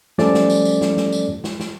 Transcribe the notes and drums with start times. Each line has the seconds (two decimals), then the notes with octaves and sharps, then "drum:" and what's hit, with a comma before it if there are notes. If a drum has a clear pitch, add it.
0.18 F3 G3 A3 C#4 A4 D5, drum: snare
0.34 drum: snare
0.50 drum: tambourine
0.65 drum: tambourine
0.81 drum: snare
0.97 drum: snare
1.12 drum: tambourine
1.44 drum: snare
1.59 drum: snare